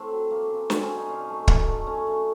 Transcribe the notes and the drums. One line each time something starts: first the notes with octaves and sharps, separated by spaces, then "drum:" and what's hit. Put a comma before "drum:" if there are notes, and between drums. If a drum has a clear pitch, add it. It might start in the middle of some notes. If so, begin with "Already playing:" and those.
Already playing: A2 A3 C4
F#3
A3 A#3
C#3
C#3 C4, drum: snare
C#4
F#3
D#4
A#2
A3
A#2, drum: kick
A3
A3 C#4
C#3